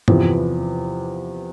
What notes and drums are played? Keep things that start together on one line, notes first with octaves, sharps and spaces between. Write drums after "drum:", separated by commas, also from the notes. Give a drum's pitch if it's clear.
E2 C3 F3 B3 E4, drum: tom G2